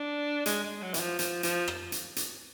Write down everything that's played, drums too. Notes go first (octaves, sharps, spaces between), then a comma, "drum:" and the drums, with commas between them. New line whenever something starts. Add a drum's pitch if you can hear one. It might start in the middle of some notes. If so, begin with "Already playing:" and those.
Already playing: D4
G#3, drum: hi-hat
G#3
F#3
E3, drum: hi-hat
F3
F3, drum: hi-hat
F3, drum: hi-hat
drum: rim click
drum: hi-hat
drum: hi-hat